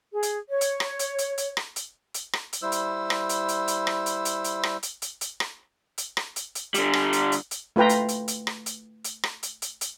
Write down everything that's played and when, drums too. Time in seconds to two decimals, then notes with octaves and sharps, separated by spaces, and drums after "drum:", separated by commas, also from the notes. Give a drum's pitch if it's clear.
0.12 G#4
0.23 drum: hi-hat
0.50 C#5
0.61 drum: hi-hat
0.80 drum: rim click
0.99 drum: hi-hat
1.18 drum: hi-hat
1.38 drum: hi-hat
1.57 drum: rim click
1.76 drum: hi-hat
2.14 drum: hi-hat
2.33 drum: rim click
2.53 drum: hi-hat
2.62 G3 E4 C5 E6
2.72 drum: hi-hat
3.10 drum: rim click
3.29 drum: hi-hat
3.48 drum: hi-hat
3.68 drum: hi-hat
3.87 drum: rim click
4.06 drum: hi-hat
4.25 drum: hi-hat
4.44 drum: hi-hat
4.63 drum: rim click
4.83 drum: hi-hat
5.02 drum: hi-hat
5.21 drum: hi-hat
5.40 drum: rim click
5.98 drum: hi-hat
6.17 drum: rim click
6.36 drum: hi-hat
6.55 drum: hi-hat
6.74 D3 G3, drum: hi-hat
6.93 drum: rim click
7.13 drum: hi-hat
7.32 drum: hi-hat
7.51 drum: hi-hat
7.76 A3 F4 B4 G5 A#5
7.89 drum: hi-hat
8.08 drum: hi-hat
8.28 drum: hi-hat
8.47 drum: rim click
8.66 drum: hi-hat
9.04 drum: hi-hat
9.23 drum: rim click
9.43 drum: hi-hat
9.62 drum: hi-hat
9.81 drum: hi-hat